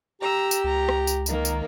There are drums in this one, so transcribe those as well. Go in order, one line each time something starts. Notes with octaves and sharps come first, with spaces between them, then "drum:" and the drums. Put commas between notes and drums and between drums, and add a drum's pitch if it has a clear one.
G4 A#5 E6
drum: tambourine
C#2 A#5
drum: rim click
drum: tambourine
D#3 A#3 A#4, drum: tambourine
drum: tambourine